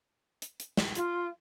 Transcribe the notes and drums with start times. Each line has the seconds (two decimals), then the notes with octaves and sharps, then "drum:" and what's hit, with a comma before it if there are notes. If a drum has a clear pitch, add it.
0.42 drum: hi-hat
0.60 drum: hi-hat
0.77 drum: snare
0.95 F4, drum: hi-hat